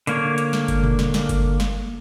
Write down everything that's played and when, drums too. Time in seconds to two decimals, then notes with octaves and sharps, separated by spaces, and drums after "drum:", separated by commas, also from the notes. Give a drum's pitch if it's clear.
0.07 D3 A#3 C#5, drum: hi-hat
0.38 drum: hi-hat
0.53 drum: snare
0.68 drum: kick G1, hi-hat
0.84 drum: tom A#2
0.99 drum: snare
1.14 drum: snare
1.29 drum: kick G1, hi-hat
1.60 drum: snare